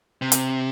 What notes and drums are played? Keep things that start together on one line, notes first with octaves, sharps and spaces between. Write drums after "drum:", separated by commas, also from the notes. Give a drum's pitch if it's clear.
C3
drum: hi-hat